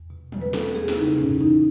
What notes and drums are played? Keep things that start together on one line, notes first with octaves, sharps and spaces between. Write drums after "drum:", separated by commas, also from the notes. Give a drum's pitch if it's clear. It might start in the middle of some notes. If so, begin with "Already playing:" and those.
Already playing: E2
B2
E2, drum: tom
B4
F#3 A4, drum: snare
E2 G#4
E4, drum: snare
C#3 D#4
E2 C#4, drum: tom
E4
E3 D#4